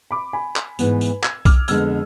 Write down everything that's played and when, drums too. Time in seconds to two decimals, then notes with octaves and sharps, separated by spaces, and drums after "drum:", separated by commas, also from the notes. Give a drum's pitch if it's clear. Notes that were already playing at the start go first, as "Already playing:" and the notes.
0.11 B5 D6
0.33 G#5 B5
0.56 drum: clap
0.79 G#2 E3 B3, drum: tambourine
1.01 drum: tambourine
1.23 E6 G#6, drum: clap
1.45 D6 F6, drum: kick B1, tambourine
1.68 F2 D3 G#3 B3 E6 G#6, drum: tambourine